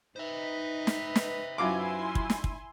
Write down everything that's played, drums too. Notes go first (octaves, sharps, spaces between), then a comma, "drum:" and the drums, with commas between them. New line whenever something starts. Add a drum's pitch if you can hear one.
D#4 B4 C5 E5
drum: snare
drum: snare
F#2 E4 F4 G#5 C6 D6
drum: kick
drum: snare
drum: kick